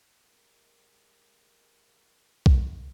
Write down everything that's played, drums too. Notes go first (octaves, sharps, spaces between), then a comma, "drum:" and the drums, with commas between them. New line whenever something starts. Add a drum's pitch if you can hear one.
G#3 G4 A#4
drum: kick B1